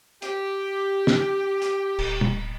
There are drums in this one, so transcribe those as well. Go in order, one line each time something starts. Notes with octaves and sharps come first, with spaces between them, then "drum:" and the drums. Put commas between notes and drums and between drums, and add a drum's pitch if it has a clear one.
G4, drum: hi-hat
drum: snare
drum: hi-hat
D1, drum: cymbal
drum: tom